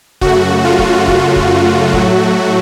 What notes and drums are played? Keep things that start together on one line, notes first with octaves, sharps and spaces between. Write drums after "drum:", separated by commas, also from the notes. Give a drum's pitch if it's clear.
F#2 C#3 A3 F#4, drum: kick
F4
drum: kick
F#4, drum: kick
drum: kick
A2 F#3 A3, drum: kick